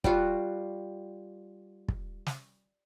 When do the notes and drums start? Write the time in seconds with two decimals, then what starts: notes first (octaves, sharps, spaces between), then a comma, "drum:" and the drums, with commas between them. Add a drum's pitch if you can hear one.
0.04 G3 F4 F#4, drum: kick
1.88 drum: kick
2.26 drum: snare